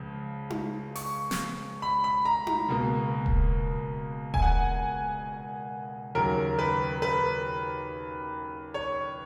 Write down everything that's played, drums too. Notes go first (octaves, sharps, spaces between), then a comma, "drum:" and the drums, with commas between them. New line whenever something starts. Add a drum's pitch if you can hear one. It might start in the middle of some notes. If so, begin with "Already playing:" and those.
Already playing: C#2 C#3 F3
drum: tom D#4
C#6, drum: open hi-hat
drum: snare
B5
B5
A#5
A#5, drum: tom D#4
C#2 B2 A#3
drum: kick D#1
G#5, drum: kick D#1
F#5
D#2 C#3 F#3 A#4
B4
B4
C#5